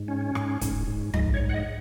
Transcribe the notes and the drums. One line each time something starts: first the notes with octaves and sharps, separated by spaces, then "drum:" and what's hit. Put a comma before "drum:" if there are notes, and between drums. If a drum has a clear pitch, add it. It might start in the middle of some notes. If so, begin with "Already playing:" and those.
Already playing: G#2
C#4
G#2, drum: rim click
G#2, drum: kick, hi-hat
G#2
G#2 D#5, drum: tom
C#5
G#2
F#5
D#5